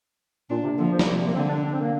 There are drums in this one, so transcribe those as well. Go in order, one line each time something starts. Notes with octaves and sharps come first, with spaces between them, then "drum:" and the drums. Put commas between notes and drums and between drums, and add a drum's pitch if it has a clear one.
A#2 A#3 D4
C3
D3 F3 A#3
F3
G3, drum: snare
C3 F3 A#3
G3
A#3
D3 C4
D4
D4
C4
A#3